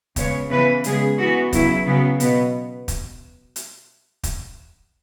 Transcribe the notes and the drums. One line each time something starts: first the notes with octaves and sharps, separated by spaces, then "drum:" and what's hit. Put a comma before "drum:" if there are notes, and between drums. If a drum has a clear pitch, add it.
C#3 G#3 B3 C#5, drum: kick, hi-hat
C#3 E3 B3 B4
C#3 G#3 B3 G#4, drum: hi-hat
E3 B3 F#4
C#3 F#3 B3 E4, drum: kick, hi-hat
C#3 F#3 B3
B2 B3, drum: hi-hat
drum: kick, hi-hat
drum: hi-hat
drum: kick, hi-hat